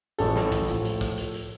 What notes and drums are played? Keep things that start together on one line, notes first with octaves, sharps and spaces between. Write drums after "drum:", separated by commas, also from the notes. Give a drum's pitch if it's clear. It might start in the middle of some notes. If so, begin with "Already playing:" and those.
A1 A2 F3 A4, drum: hi-hat
drum: snare
drum: kick, hi-hat
A2 F3, drum: hi-hat
drum: hi-hat
drum: kick, hi-hat
drum: hi-hat
drum: hi-hat